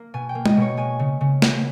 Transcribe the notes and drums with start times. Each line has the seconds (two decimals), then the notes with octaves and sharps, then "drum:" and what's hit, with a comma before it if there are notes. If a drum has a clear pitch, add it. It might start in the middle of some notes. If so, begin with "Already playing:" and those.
Already playing: A#3
0.14 B2 G#5
0.29 G5
0.35 A#3
0.46 D#5, drum: tom G#3
0.57 B2 C#5
0.77 G#3 G#5
0.99 C#3
1.21 C#3
1.42 B3, drum: snare